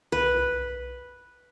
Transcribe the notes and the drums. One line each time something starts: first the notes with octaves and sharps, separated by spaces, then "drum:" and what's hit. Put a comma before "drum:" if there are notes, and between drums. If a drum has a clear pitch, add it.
B4, drum: tom